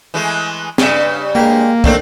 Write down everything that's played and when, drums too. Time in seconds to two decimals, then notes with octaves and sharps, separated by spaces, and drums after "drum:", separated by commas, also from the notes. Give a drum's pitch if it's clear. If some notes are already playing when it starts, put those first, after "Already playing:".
0.14 E3 G#3 A3
0.78 G2 C#3 E5, drum: snare
1.35 G#3 A#3 G4
1.84 A2 D#3 A3 C4 D4, drum: kick